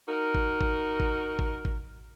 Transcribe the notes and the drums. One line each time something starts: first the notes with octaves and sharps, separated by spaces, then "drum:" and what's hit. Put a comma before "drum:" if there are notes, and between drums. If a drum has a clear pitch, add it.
D#4 F#4 A#4
drum: kick G#1
drum: kick G#1
drum: kick G#1
drum: kick G#1
drum: kick G#1